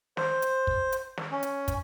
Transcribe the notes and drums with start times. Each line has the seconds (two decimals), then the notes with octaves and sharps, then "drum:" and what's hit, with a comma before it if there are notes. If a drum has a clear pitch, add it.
0.17 C5, drum: snare
0.42 drum: hi-hat
0.67 drum: kick
0.92 drum: hi-hat
1.17 drum: snare
1.32 C#4
1.43 drum: hi-hat
1.68 drum: kick, hi-hat